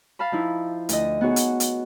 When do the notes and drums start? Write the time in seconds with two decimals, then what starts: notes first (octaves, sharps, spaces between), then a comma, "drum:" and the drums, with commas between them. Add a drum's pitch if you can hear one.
0.19 F5 A5 B5
0.32 F3 D#4 E4
0.89 D2 D#5, drum: hi-hat
1.21 B3 D#4 F#4 G#4 C#5
1.36 drum: hi-hat
1.60 drum: hi-hat